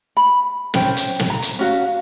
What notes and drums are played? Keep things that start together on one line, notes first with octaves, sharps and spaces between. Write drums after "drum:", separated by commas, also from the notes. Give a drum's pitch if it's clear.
B5
C#4 C5 G5, drum: snare
drum: hi-hat
drum: snare
A#5
drum: hi-hat
C#4 F#4 F5